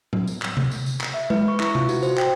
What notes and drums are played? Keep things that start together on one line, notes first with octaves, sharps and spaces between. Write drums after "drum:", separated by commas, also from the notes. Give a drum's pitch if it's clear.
drum: tom
drum: tambourine
drum: clap
drum: tom C3
drum: tambourine
drum: tambourine
drum: clap
E5
B4, drum: tom G#3
C#6
E4, drum: clap
F4, drum: tom C3
F#4, drum: tambourine
C5, drum: tambourine
G5, drum: clap